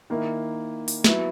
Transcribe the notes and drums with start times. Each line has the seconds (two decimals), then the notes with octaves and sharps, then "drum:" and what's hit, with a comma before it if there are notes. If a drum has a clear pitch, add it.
0.10 D#3 A#3 E4
0.88 drum: open hi-hat
1.04 F#3 B3 E4, drum: snare